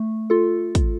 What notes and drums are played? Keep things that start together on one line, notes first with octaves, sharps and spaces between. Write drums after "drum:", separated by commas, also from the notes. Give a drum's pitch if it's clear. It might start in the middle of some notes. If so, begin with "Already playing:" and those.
Already playing: A3
F4 A4
drum: kick, hi-hat